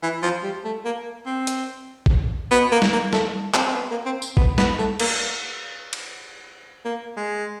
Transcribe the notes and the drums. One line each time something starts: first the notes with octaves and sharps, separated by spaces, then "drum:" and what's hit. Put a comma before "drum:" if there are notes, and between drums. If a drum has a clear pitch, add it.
E3
F3
G3
A3
A#3
C4
drum: hi-hat
drum: kick
B3
A#3
drum: snare
A#3
A3, drum: snare
C4, drum: clap
C4
B3
A#3
C4
drum: tambourine
B3, drum: kick
B3, drum: snare
A3
A#3, drum: cymbal
drum: cymbal
A#3
G#3